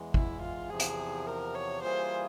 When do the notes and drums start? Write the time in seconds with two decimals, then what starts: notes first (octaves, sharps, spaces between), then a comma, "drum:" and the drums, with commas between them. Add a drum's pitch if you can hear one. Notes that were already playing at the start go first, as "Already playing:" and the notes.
Already playing: E2 E3 G#3
0.14 E4, drum: kick
0.42 F4
0.70 E2 C3 F3 G#4
0.80 drum: hi-hat
1.27 A#4
1.55 C#5
1.83 E3 G3 A#3 F4 G#4 C5